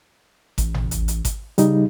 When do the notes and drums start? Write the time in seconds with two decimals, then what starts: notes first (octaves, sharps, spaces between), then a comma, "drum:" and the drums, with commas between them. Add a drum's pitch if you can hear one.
0.58 A1, drum: kick G#1, hi-hat
0.74 drum: tom G#1
0.91 drum: hi-hat
1.08 drum: hi-hat
1.25 drum: kick G#1, hi-hat
1.58 C#3 G3 D#4, drum: hi-hat